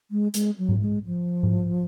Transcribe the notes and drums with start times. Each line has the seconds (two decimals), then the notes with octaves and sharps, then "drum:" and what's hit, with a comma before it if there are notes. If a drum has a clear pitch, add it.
0.11 G#3
0.34 G#3, drum: hi-hat
0.58 F#3
0.69 drum: tom G#2
0.82 G#3
1.06 F3
1.43 drum: tom G#2